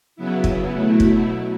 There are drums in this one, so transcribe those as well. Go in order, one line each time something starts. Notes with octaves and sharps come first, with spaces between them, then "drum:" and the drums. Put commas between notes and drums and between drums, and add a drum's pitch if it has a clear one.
C#3 F#3 B3 E4
drum: kick
B2 F#3 A3 E4
drum: kick